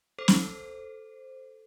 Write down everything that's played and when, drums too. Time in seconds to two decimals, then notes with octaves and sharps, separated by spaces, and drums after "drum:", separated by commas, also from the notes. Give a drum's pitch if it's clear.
0.19 A4 C5
0.28 drum: snare